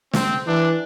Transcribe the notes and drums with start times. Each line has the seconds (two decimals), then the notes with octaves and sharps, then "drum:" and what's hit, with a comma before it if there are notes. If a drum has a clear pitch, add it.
0.13 C4, drum: snare
0.47 E3 D4